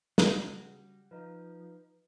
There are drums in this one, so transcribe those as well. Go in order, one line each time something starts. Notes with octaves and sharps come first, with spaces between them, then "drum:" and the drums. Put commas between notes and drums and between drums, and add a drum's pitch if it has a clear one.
C#3 G3 F#4, drum: snare
F3 D#4 B4